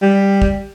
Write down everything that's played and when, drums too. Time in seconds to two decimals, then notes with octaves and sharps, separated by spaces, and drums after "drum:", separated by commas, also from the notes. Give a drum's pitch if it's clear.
0.02 G3
0.42 drum: kick